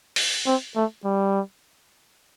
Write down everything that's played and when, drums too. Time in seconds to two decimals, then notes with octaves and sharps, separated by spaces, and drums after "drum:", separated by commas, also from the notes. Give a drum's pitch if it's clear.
0.16 drum: open hi-hat
0.46 C4
0.76 A3
1.05 G3